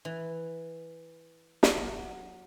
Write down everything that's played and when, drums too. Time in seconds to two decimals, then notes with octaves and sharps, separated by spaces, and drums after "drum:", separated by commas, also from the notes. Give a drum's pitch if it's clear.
0.05 E3
1.63 drum: snare
1.77 F#3